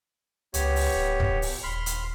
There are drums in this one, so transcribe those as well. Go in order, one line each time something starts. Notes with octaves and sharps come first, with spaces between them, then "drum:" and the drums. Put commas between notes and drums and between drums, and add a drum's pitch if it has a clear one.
C#2 B3 G4 C#5, drum: hi-hat
drum: open hi-hat
D1
drum: kick
drum: open hi-hat
D#1 B5 C6 F6
drum: hi-hat